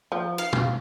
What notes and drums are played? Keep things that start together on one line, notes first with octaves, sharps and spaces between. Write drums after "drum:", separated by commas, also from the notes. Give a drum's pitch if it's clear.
F3
F5
drum: tom